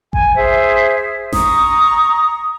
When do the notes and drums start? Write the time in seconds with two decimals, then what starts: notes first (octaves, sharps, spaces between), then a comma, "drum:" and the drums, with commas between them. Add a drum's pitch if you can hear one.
0.13 G#5, drum: kick G#1
0.36 G#4 C5 E5
1.33 A#5 C#6 D#6, drum: snare G#1